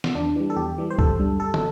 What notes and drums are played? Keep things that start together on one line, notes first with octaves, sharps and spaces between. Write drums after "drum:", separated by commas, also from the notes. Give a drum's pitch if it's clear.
drum: snare
E2 D4
E3 G3
A4
E2 G4
E3 G3
C5
G1 A4, drum: kick C#2
G2 G3
G1 A4
A4, drum: tom